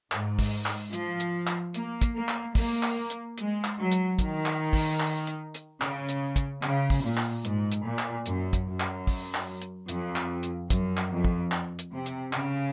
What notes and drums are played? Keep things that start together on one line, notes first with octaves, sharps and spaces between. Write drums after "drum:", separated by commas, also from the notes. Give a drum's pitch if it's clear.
G#2, drum: clap
drum: kick, open hi-hat
drum: clap
F3, drum: hi-hat
drum: hi-hat
drum: clap
A#3, drum: hi-hat
drum: kick, hi-hat
A#3
drum: clap
A#3, drum: kick, open hi-hat
drum: clap
drum: hi-hat
G#3, drum: hi-hat
drum: clap
F#3
drum: hi-hat
D#3, drum: kick, hi-hat
drum: clap
drum: kick, open hi-hat
drum: clap
drum: hi-hat
drum: hi-hat
C#3, drum: clap
drum: hi-hat
drum: kick, hi-hat
C#3, drum: clap
drum: kick, open hi-hat
A#2
drum: clap
G#2, drum: hi-hat
drum: hi-hat
A#2
drum: clap
F#2, drum: hi-hat
drum: kick, hi-hat
F#2
drum: clap
drum: kick, open hi-hat
drum: clap
drum: hi-hat
F2, drum: hi-hat
drum: clap
drum: hi-hat
F#2, drum: kick, hi-hat
drum: clap
F2
drum: kick
drum: clap
drum: hi-hat
C3
drum: hi-hat
C#3, drum: clap